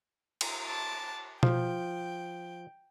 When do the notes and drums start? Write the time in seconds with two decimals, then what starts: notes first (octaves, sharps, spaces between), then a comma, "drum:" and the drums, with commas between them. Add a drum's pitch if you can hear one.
0.41 drum: cymbal
0.62 A5 D6
1.43 F3 G5, drum: tom B2